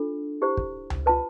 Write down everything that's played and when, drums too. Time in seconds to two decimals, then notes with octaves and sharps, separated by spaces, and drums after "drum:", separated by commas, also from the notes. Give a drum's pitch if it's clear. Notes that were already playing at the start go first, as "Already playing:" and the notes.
Already playing: D4 F4 A4
0.42 E4 G4 C5
0.57 drum: kick
0.90 drum: tom C#2
1.06 F4 B4 A5